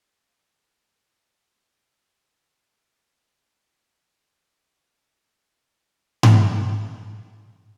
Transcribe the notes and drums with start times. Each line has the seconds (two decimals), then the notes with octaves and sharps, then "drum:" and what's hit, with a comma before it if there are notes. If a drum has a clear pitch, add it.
0.18 D4 C#5 F5 G#5
2.92 D#4
3.10 E6
3.39 F#4
3.55 F#3
3.75 E4
3.88 F4
4.09 E4
4.28 E5
4.53 E5
4.75 F#4
4.92 B5
5.16 G3
6.23 drum: tom G#2
6.79 G#4
7.47 G3